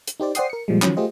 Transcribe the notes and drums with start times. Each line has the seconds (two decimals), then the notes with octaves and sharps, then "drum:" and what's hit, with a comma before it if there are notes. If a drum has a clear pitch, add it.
0.08 drum: hi-hat
0.20 D#4 G4 C5 D5
0.35 C5 D5 F#5 G5 D#6 C7, drum: hi-hat
0.50 A#4 C#7
0.68 A#2 F3 G3 G#3
0.82 D#3 F3 F#3 C#4, drum: clap
0.97 A3 F4 G4 G#4 C5 D#5